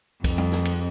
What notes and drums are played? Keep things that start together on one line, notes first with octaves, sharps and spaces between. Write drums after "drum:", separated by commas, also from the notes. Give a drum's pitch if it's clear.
F2, drum: kick B1, cymbal
drum: tom
drum: snare
drum: cymbal